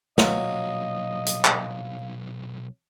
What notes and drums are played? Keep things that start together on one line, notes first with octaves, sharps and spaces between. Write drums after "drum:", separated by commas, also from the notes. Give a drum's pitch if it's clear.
B1 A#2 F#3 D#5 F5, drum: snare
drum: hi-hat
drum: clap